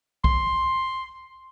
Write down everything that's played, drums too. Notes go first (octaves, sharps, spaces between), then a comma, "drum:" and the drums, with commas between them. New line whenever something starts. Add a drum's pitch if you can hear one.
C6, drum: kick B1